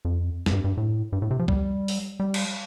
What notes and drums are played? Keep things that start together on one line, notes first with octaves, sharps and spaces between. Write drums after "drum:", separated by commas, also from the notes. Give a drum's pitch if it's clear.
F2
F2, drum: snare
G2
G2
A2
G2
A2
C3
F3
G3, drum: kick
drum: open hi-hat
G3
drum: cymbal